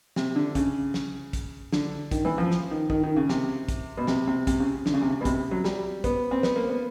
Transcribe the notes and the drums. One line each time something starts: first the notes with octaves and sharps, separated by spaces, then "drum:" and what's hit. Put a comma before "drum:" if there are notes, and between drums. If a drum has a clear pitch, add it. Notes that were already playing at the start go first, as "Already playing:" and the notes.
C3, drum: snare
D3
C#3, drum: kick, hi-hat
drum: snare
drum: kick, hi-hat
D3, drum: snare
D#3, drum: kick, hi-hat
E3
F3
drum: snare
D#3
D#3, drum: kick
D#3
C#3
C3, drum: snare
drum: kick, hi-hat
B2
C3, drum: snare
C3
C3, drum: kick, hi-hat
C#3
D3, drum: snare
C#3
C3
C#3
B2
C3, drum: kick, hi-hat
F#3
G3, drum: snare
B3, drum: kick, hi-hat
C4
B3, drum: snare
A#3
B3